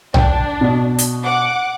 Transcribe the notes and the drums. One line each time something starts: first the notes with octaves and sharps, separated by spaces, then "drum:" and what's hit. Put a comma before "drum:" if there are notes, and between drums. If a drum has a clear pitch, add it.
D4 G5, drum: tom B1
B2
drum: hi-hat
F#5 D6